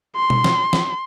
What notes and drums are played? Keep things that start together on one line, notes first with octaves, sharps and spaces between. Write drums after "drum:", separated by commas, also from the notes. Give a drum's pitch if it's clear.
C6
drum: tom B2
drum: snare
drum: snare